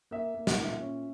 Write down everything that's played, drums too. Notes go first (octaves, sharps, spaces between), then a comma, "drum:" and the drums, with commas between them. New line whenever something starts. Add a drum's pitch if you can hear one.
A#3 E5
A#3
D#5, drum: snare
A#2 E5
C#4